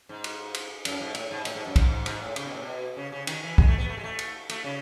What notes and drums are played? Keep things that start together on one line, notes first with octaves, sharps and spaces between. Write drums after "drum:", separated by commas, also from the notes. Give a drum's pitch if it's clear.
G#2
drum: cymbal
drum: cymbal
F#2, drum: cymbal
G#2
A2, drum: cymbal
G#2
A2, drum: cymbal
G#2
F#2
G#2, drum: kick, cymbal
G#2
G#2, drum: cymbal
A2
C#3, drum: cymbal
B2
A2
B2
C#3
C#3
D#3, drum: cymbal
E3
G#3, drum: kick
A3
B3
A3
G#3
A3
drum: cymbal
A3, drum: cymbal
C#3